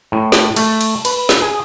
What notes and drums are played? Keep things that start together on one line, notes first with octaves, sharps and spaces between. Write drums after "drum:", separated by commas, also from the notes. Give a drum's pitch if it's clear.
A2
drum: snare
A3, drum: cymbal
drum: cymbal
B4, drum: cymbal
drum: snare
G#4